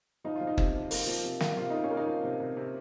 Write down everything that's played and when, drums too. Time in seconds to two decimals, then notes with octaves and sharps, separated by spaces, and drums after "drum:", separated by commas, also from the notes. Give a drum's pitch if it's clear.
0.24 F3 D#4
0.36 F4
0.41 F3
0.47 D#4
0.58 C3, drum: kick
0.74 F3
0.91 A#3, drum: open hi-hat
1.07 F3
1.25 C3
1.40 A#3, drum: snare
1.57 C3 F4
1.70 A#3 D#4
1.84 C#4
1.91 A#3
1.97 D#4
2.07 F3
2.23 C3
2.40 C3
2.57 C3